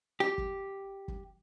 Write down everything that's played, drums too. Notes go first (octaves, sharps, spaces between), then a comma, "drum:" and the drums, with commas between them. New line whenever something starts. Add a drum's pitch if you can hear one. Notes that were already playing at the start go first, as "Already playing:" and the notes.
G4
drum: kick F#1
drum: kick F#1